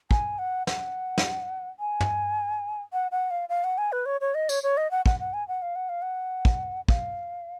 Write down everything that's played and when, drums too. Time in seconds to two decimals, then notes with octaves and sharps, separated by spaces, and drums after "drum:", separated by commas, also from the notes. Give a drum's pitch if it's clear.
0.11 G#5, drum: kick
0.39 F#5
0.67 F#5, drum: snare
1.18 drum: snare
1.80 G#5
2.00 drum: tom
2.93 F#5
3.12 F#5
3.31 F5
3.49 F5
3.64 F#5
3.78 G#5
3.92 B4
4.06 C#5
4.21 C#5
4.35 D#5
4.49 C#5, drum: tambourine
4.63 C#5
4.77 D#5
4.91 F#5
5.06 F#5, drum: kick
5.20 F#5
5.34 G#5
5.48 F#5
5.62 F5
5.76 F#5
5.89 F5
6.02 F#5
6.45 drum: kick
6.88 F5, drum: kick